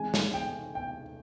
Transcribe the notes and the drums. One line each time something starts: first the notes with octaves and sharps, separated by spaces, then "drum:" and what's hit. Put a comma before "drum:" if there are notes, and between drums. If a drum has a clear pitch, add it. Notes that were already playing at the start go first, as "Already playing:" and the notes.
Already playing: E3 G#3 C4 G#5
drum: snare
G5
G5